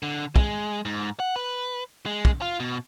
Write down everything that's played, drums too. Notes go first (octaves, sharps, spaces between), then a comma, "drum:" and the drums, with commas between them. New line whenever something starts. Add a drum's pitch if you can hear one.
D3
G#3, drum: kick
G#2
F#5
B4
G#3
drum: kick
F4
B2